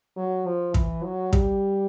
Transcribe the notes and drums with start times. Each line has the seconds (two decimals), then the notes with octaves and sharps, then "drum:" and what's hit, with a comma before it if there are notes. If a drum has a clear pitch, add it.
0.17 F#3
0.46 F3
0.74 E3, drum: kick
1.03 F#3
1.33 G3, drum: kick